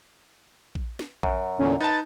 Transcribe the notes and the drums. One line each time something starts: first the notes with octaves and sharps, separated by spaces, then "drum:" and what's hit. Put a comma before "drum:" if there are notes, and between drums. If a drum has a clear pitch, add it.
drum: kick A#1
drum: snare
F#2, drum: kick A#1
E2 A#2 D3 C#4
D#4 B4 A5 A6